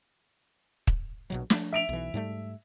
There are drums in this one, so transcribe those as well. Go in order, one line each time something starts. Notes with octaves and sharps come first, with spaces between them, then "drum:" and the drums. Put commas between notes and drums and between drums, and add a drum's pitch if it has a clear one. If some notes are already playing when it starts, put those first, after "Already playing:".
drum: kick
A#1 B2 F#3
F3 A3 D4, drum: snare
E5 D7 F7
B1 E3
G#2 G3 A3